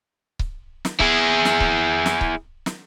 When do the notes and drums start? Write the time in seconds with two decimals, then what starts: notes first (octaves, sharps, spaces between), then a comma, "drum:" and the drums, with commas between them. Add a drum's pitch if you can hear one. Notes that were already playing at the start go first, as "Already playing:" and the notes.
0.39 drum: kick C#1
0.85 drum: snare
1.00 E4 G#4, drum: kick C#1
1.45 drum: snare
1.60 drum: kick C#1
2.06 drum: snare
2.21 drum: kick C#1
2.66 drum: snare